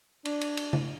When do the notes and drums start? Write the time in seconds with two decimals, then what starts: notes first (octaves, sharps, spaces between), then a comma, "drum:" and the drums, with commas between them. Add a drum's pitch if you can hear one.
0.25 D4, drum: cymbal
0.41 drum: cymbal
0.57 drum: cymbal
0.73 drum: tom C#3